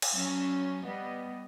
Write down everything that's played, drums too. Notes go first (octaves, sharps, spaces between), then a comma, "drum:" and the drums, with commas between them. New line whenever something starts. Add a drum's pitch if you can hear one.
drum: cymbal
F#3 C#4
G3 B3 D#5